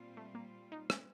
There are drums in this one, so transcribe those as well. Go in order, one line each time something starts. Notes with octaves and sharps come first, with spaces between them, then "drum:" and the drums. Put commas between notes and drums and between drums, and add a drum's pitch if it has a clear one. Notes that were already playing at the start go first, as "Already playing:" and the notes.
Already playing: A#2 G3 C4 F4
A3
A#3
D#4
C#4, drum: rim click